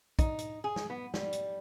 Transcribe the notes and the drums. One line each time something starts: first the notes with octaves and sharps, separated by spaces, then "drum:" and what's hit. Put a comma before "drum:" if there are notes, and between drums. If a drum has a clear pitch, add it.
D#4, drum: kick, hi-hat
drum: hi-hat
G#4
drum: snare
B3
G3, drum: snare
drum: hi-hat